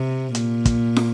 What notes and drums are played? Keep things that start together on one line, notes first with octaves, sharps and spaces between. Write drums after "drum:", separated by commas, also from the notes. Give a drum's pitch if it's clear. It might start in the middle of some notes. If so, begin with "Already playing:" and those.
Already playing: C3
A#2, drum: hi-hat
drum: kick, hi-hat
drum: snare